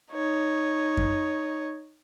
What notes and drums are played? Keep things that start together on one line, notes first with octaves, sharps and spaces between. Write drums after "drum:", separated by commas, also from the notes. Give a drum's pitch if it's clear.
D#4 C#5
drum: kick F#2